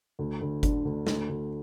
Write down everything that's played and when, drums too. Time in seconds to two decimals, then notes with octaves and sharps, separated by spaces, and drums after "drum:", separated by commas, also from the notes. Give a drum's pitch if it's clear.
0.19 D2
0.41 D2
0.63 D3, drum: kick G1, hi-hat
0.85 D2
1.07 D2, drum: snare
1.29 D2